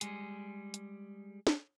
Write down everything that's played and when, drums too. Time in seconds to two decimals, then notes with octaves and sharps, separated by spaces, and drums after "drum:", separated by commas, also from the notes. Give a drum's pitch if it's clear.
0.01 G3 G#3 G#4, drum: hi-hat
0.74 drum: hi-hat
1.47 drum: snare